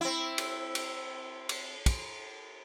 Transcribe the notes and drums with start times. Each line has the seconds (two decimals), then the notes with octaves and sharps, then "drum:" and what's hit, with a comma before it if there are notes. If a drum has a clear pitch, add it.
0.01 C4 E4
0.38 drum: cymbal
0.75 drum: cymbal
1.49 drum: cymbal
1.86 drum: kick, cymbal